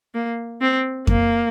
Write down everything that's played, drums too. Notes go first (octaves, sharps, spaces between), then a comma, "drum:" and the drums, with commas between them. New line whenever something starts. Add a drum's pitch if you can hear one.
A#3
C4
A#3, drum: kick F2